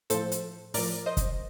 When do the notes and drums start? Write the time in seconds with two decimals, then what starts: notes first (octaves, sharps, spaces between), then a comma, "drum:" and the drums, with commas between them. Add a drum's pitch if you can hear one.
0.10 A2 F3 A4 C5, drum: hi-hat
0.32 drum: hi-hat
0.74 A2 F3 A#4 D5, drum: open hi-hat
1.06 C5 D#5
1.17 drum: kick, hi-hat